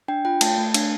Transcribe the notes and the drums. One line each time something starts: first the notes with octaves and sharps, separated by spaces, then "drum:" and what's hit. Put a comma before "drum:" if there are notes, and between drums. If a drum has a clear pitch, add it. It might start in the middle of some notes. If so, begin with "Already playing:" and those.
D4 G5
F4 G5
A3 A5, drum: cymbal
A3
D4, drum: cymbal